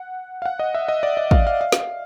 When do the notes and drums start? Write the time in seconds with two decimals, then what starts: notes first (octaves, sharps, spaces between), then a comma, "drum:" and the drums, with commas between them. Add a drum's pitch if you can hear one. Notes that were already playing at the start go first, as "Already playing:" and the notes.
Already playing: F#5
0.42 F5
0.46 F#5
0.59 D#5
0.74 E5
0.88 D#5
1.03 D5
1.17 D#5
1.31 F5, drum: kick
1.47 F5
1.61 F5
1.72 drum: snare